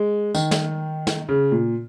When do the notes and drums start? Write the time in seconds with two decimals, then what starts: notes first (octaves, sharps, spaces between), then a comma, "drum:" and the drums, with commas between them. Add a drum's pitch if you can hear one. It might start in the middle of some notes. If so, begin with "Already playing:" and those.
Already playing: G#3
0.35 D#3, drum: tambourine
0.51 drum: snare
1.07 drum: snare
1.29 C#3
1.52 A#2